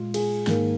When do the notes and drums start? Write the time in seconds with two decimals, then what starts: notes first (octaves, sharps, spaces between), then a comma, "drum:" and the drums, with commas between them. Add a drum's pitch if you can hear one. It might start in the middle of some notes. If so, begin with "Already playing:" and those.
Already playing: A#2 G#3 F4
0.14 G#4, drum: cymbal
0.47 G#2 D#3 A#3, drum: snare